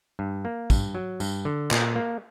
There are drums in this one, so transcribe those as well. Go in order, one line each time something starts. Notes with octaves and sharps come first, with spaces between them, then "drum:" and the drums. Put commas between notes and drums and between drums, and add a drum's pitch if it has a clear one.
G2
A#3
G2, drum: kick, tambourine
F#3
G2, drum: tambourine
D3
A#2, drum: clap
A#3